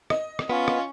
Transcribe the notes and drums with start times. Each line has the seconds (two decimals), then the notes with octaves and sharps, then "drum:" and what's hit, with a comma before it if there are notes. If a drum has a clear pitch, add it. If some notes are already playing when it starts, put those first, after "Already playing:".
0.10 D#5, drum: rim click
0.39 drum: rim click
0.50 B3 C#4 F4
0.68 drum: rim click